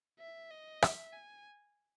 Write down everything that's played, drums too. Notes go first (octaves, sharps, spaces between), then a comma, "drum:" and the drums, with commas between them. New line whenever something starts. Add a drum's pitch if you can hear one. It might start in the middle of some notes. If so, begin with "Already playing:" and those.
E5
D#5
E5, drum: rim click
G#5